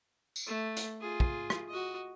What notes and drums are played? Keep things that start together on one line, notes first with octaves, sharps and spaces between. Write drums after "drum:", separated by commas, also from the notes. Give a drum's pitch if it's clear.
drum: tambourine
A3
drum: hi-hat
F4 G#4
drum: kick
drum: rim click
F#4 D#5